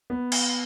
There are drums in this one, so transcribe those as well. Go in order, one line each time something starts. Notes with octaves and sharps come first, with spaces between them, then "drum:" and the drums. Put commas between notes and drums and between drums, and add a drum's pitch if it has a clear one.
B3
drum: cymbal